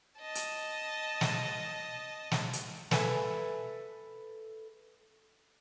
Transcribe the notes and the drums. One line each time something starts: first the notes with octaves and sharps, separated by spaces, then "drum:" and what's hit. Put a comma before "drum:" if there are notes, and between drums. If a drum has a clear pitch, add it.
D#5 A5
drum: hi-hat
drum: snare
drum: snare
drum: hi-hat
A4 B4 E5 G#5, drum: snare